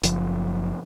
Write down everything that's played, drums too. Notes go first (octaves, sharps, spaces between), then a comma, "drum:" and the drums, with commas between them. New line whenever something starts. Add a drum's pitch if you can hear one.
F#1 F3, drum: hi-hat